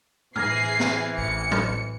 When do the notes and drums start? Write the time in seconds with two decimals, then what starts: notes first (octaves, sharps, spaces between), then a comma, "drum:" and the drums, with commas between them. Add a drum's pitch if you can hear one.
0.36 C3 E3 G#4 F6 G#6 A#6 C7, drum: tom
0.80 drum: snare
1.18 A1 C#7
1.51 drum: tom